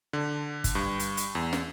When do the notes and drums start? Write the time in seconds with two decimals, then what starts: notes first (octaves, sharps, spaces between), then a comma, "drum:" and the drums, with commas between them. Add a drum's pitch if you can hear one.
0.13 D3
0.64 drum: kick, hi-hat
0.75 G2
1.00 drum: hi-hat
1.17 drum: hi-hat
1.35 E2
1.53 drum: snare